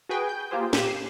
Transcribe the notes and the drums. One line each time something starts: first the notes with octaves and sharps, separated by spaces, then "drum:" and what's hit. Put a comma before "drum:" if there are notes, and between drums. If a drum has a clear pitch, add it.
F#4 G#4 B4 G5 G#5
G6
A#3 F4 G4 G#4 C5
A#2 G4 G6 B6 D#7 E7, drum: snare
C7